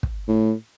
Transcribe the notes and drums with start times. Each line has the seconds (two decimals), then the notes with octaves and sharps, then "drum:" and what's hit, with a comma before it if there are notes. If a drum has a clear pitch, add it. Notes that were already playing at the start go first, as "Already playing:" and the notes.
0.03 drum: kick
0.28 A2